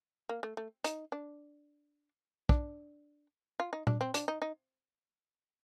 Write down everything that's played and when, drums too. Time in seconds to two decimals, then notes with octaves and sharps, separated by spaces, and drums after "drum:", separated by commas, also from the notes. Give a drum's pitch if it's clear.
0.29 A#3
0.43 A3
0.57 A3
0.84 D#4, drum: hi-hat
1.12 D4
2.49 D4, drum: kick
3.60 F4
3.73 D#4
3.87 D4, drum: tom A#2
4.01 C4
4.14 D4, drum: hi-hat
4.28 D#4
4.42 D#4